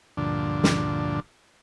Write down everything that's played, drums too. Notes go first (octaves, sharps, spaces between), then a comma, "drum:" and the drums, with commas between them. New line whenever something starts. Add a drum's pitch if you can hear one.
D2 G2 A#2 D3 F3 D4
drum: snare